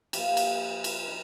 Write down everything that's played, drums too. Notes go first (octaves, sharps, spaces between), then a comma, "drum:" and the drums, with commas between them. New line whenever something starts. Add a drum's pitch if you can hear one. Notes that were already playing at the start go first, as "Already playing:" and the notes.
A#2 F3 G4, drum: cymbal
drum: cymbal
drum: cymbal
D#4